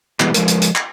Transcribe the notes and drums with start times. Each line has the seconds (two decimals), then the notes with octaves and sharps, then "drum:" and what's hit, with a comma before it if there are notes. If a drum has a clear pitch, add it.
0.20 B2 E3 G3 G#3 B3, drum: clap
0.34 F3 G#3 A#4, drum: hi-hat
0.48 drum: hi-hat
0.62 drum: hi-hat
0.75 drum: clap